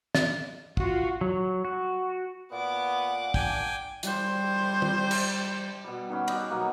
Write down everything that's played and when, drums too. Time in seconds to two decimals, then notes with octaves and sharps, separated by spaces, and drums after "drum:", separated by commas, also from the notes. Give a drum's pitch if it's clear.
0.15 D#5, drum: snare
0.77 F4 F#4, drum: kick
1.21 F#3
1.65 F#4
2.52 A#2 B3 F#5 D6
3.34 D4 G5 G#5, drum: kick
4.03 G3 C5, drum: hi-hat
4.82 drum: tom
5.11 drum: cymbal
5.84 B2 G3
6.09 D#3 G3 B3 C#4
6.28 G4 D#5 F#5 G5, drum: cymbal
6.51 B2 F#3 A#3